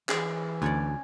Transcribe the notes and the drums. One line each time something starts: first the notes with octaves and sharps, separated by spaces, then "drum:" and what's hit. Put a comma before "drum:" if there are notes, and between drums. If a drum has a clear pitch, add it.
E3 G#4, drum: clap
D2 C#4 C#5 D5